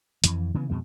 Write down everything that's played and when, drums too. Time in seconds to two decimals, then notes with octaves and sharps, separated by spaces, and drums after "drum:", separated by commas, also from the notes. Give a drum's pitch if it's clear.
0.24 F2 E3, drum: hi-hat
0.54 C#3 E3 B3
0.70 F2 B2 G#3